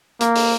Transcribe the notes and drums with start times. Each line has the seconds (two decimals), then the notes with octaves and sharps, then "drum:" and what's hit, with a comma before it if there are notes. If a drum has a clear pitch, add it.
0.20 A#3, drum: hi-hat
0.35 drum: open hi-hat